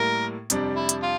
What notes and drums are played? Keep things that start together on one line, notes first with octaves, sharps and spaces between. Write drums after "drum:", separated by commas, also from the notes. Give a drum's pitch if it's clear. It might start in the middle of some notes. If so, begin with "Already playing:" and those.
Already playing: A2 G3 A#3 E4 A#4
F2 C3 G3 D4, drum: hi-hat
E4
drum: hi-hat
F4